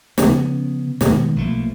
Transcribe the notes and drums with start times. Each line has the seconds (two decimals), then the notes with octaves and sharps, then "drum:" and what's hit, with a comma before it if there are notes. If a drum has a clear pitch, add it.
0.18 C#3 F3 B3 C#4, drum: snare
1.01 B2 D#3 G#3 B3, drum: snare
1.36 B1 F3 A3 A#3